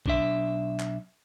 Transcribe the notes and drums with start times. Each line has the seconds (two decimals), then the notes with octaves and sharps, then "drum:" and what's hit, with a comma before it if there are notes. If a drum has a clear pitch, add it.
0.06 B1 D4 E5, drum: kick
0.79 drum: clap